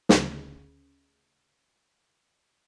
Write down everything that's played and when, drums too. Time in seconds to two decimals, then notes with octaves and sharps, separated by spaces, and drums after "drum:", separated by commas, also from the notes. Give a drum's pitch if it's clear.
0.09 D2 C#3, drum: snare